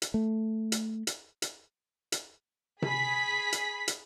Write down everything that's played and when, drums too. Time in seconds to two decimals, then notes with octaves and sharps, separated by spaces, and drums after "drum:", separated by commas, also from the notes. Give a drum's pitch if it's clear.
0.02 drum: hi-hat
0.14 A3
0.72 drum: hi-hat
1.07 drum: hi-hat
1.42 drum: hi-hat
2.12 drum: hi-hat
2.82 G#4 B5 B6, drum: tom C3
3.53 drum: hi-hat
3.88 drum: hi-hat